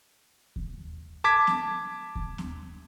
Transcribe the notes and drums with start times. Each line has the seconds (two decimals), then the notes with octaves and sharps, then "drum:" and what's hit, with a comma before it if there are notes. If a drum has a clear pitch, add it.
0.56 drum: kick D#2
1.24 A5 D6 G#6 B6
1.47 drum: snare
2.15 drum: kick D#2
2.38 drum: snare